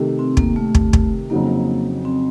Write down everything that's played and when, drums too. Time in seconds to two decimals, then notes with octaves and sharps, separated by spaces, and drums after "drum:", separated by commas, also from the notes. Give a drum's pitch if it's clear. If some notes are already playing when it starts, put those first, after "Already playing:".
Already playing: C3 D#3 A3
0.19 C4
0.37 A#3, drum: kick
0.56 A3
0.75 drum: kick
0.93 drum: kick
1.30 F2 C#3 F#3 A#3 C4 D#4
2.05 C4